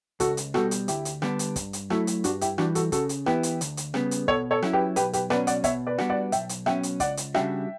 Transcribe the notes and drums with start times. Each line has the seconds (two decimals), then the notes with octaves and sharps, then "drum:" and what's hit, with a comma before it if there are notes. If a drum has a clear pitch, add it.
0.20 C#2 F#4 A4, drum: kick, hi-hat
0.37 drum: hi-hat
0.54 B2 G3 F#4 A4, drum: rim click
0.71 drum: hi-hat
0.88 D2 E4 G4, drum: hi-hat
1.05 drum: hi-hat
1.22 D3 G3 B3 D4, drum: rim click
1.39 drum: hi-hat
1.56 G2, drum: kick, hi-hat
1.73 drum: hi-hat
1.90 F#3 A3 E4 F#4 A4, drum: rim click
2.07 drum: hi-hat
2.24 G2 D4 F#4, drum: hi-hat
2.41 E4 G4, drum: hi-hat
2.58 E3 G3 D4 F#4, drum: rim click
2.75 F#4 A4, drum: hi-hat
2.92 C#3 F#4 A4, drum: kick, hi-hat
3.09 drum: hi-hat
3.26 E3 B3 E4 G4 B4, drum: rim click
3.43 drum: hi-hat
3.61 D2, drum: hi-hat
3.77 drum: hi-hat
3.94 C#3 G3 B3, drum: rim click
4.11 drum: hi-hat
4.28 B2 A4 C#5, drum: kick
4.51 A4 C#5
4.62 F#3 C#4 E4, drum: rim click
4.73 G4 B4
4.96 B1 G4 B4, drum: hi-hat
5.13 G4 B4, drum: hi-hat
5.30 B2 F#3 C#4 B4 D5, drum: rim click
5.47 D5 F#5, drum: hi-hat
5.64 B2 C#5 E5, drum: kick, hi-hat
5.87 B4 D5
5.98 G3 B3 D4 F#4, drum: rim click
6.10 D5 F#5
6.32 B1 E5 G5, drum: hi-hat
6.49 drum: hi-hat
6.66 B2 F#3 C#4 E5 G5, drum: rim click
6.83 drum: hi-hat
7.00 C#2 D5 F#5, drum: kick, hi-hat
7.17 drum: hi-hat
7.35 C#3 G3 D4 F#4 E5 G5, drum: rim click